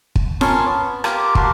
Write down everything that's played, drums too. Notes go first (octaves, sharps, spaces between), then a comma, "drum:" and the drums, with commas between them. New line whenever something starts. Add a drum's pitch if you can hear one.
drum: kick
C#4 A#4 C#5 A5 C6 C#6, drum: snare F4
B3
F4 G4 A#4 A#5 D6, drum: rim click
F#4 G4 A#4 A5 C6, drum: kick